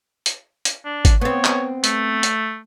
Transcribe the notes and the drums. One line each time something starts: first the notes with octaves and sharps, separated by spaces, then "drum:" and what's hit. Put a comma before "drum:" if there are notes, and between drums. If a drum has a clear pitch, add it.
drum: hi-hat
drum: hi-hat
D4
drum: kick G#1, hi-hat
B3 C4 C#5
drum: clap
A3, drum: hi-hat
drum: hi-hat